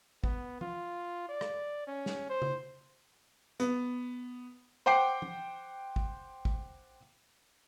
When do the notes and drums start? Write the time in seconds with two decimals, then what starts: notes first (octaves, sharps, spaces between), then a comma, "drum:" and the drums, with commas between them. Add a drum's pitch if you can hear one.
0.24 B3, drum: kick
0.61 F4, drum: tom
1.29 D5
1.41 drum: rim click
1.87 C#4
2.06 drum: snare
2.30 C5
2.42 drum: tom C#3
3.60 B3, drum: hi-hat
4.86 C5 F#5 G5 D6 C7
5.22 drum: tom
5.96 drum: kick
6.45 drum: kick